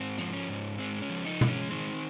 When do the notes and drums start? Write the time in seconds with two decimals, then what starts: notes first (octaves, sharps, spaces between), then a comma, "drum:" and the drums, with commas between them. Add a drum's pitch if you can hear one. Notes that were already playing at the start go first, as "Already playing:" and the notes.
Already playing: G#2 C4
0.18 F3, drum: hi-hat
0.33 C#4
0.49 G#2
0.79 G#3 C4
1.02 C#4
1.09 F3
1.25 D#4
1.41 G#3, drum: tom
1.48 C#4
1.71 D#3 C4